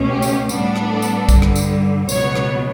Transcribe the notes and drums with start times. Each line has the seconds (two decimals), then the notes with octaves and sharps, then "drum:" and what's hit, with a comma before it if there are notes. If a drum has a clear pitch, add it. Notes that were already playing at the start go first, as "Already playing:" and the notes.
Already playing: C#2 B2 A3 C#4
0.09 G4
0.22 drum: tambourine
0.49 A2 G3 B3 D4, drum: tambourine
0.76 drum: rim click
0.89 A4
1.02 drum: tambourine
1.29 G2 D3 G3, drum: kick, tambourine
1.42 drum: rim click
1.56 drum: tambourine
2.09 C#2 B2 F#3 B3 C#5, drum: tambourine
2.35 drum: rim click